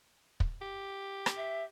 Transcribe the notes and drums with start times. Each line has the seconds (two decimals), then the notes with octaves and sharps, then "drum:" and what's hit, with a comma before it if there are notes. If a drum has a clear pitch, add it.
0.40 drum: kick
0.62 G4
1.26 drum: rim click
1.37 E5